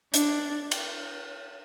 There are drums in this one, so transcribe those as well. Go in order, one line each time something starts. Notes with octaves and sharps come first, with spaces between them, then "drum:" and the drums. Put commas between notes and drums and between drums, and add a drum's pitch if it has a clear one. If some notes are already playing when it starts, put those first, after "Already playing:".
D4, drum: hi-hat
drum: cymbal